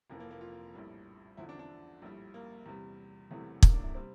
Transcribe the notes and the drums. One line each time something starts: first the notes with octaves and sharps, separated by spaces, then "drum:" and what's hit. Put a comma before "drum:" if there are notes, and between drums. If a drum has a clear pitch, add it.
F1 F2 E3 A#3
A#3
A#3
F4
A#1 A2 G3
E2 D3 F3 E4
D4
D4
A#1 A2 G3
A#3
E2 C3 G3
E1 E2 C3 E3 G3 A3
A#3, drum: kick
D4
E4
C3 G3 C4